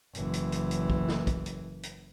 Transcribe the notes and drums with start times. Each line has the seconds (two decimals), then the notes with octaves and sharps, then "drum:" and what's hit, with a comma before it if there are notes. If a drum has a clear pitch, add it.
0.15 F#1 E3, drum: hi-hat
0.33 drum: hi-hat
0.52 drum: hi-hat
0.71 drum: hi-hat
0.90 drum: kick
1.08 drum: snare
1.27 drum: kick, hi-hat
1.46 drum: hi-hat
1.83 drum: hi-hat